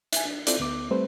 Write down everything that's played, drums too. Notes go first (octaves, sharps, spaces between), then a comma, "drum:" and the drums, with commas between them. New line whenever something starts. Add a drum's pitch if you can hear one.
E5 G#5, drum: hi-hat
D4
C4 E4 F4 A4 D5, drum: hi-hat
D2 B3 D6
G3 A3 C4 B4 C5